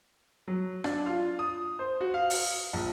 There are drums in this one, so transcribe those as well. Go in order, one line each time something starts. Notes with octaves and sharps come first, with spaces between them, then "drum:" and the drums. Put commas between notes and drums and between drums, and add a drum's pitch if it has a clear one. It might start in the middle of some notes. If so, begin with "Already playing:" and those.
F#3
D4, drum: rim click
F4
D#6
C5
F#4
F5
drum: open hi-hat
A#1